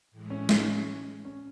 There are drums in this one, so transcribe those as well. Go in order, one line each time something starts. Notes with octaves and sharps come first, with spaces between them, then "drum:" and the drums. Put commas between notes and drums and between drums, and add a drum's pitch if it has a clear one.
A2 E3 G#3
C#4
drum: snare
C#4